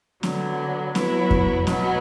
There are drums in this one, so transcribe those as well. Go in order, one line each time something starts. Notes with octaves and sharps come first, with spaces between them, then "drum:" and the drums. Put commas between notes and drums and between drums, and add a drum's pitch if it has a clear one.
D3 F#3 B3, drum: snare
F#3 B3 E4, drum: snare
drum: kick F2
B2 F#3 B3, drum: snare